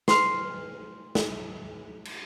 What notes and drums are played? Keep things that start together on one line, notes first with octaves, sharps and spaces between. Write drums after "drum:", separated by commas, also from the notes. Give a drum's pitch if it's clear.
C6 F6, drum: snare
drum: snare
drum: cymbal